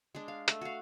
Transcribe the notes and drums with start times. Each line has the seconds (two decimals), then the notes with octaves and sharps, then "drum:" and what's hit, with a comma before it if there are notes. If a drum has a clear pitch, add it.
0.15 G#3 D4
0.28 F5
0.48 A3, drum: hi-hat
0.61 F#4 F5